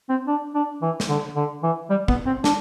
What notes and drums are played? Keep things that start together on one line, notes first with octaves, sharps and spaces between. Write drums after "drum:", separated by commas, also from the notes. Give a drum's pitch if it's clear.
C4
D4
D4
E3
drum: snare
D3
D3
E3
G3
B3, drum: kick
C4
D4, drum: snare